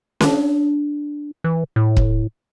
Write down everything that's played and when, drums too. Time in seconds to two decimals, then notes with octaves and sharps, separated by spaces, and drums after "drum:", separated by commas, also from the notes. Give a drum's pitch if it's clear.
0.21 D4, drum: snare C#4
1.44 E3
1.76 A2
1.97 drum: kick